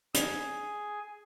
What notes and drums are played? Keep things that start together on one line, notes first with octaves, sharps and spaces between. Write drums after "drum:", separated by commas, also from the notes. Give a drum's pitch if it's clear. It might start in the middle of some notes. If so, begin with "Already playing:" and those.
G#4 G#5, drum: hi-hat